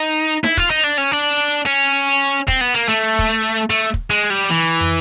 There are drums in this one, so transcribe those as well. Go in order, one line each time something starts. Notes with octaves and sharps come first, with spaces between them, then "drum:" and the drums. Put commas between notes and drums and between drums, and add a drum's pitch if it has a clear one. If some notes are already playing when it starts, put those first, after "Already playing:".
Already playing: D#4
E4, drum: snare D#4
F4, drum: kick
D#4
D4
C#4
D4
C#4
C4, drum: kick
B3
A#3
A3
drum: kick
A3
drum: kick
G#3
G3
E3
drum: tom